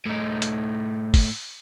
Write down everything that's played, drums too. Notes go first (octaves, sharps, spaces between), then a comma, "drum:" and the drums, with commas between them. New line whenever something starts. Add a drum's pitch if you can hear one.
A2 D#4
drum: hi-hat
drum: kick, open hi-hat